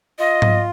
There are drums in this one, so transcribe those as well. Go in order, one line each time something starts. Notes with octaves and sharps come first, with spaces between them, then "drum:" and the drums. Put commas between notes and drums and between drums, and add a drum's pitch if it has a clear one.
F4 D#5
drum: tom G#2